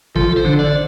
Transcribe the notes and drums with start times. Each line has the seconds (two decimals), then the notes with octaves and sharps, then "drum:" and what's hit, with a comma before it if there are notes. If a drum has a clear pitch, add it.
0.16 F3 A4, drum: kick G#1
0.37 C5
0.45 D3
0.59 D5